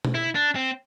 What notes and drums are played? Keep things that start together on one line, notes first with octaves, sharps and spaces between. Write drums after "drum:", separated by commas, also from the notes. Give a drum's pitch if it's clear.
drum: tom B2
E4
D4
C4